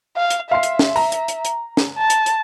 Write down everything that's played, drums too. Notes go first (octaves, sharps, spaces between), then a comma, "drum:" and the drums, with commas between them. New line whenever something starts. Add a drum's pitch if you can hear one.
F5
drum: hi-hat
E5 F5 C6 C7
drum: hi-hat
drum: snare
A#5, drum: open hi-hat
drum: hi-hat
drum: hi-hat
drum: hi-hat
drum: snare
A5
drum: hi-hat
drum: hi-hat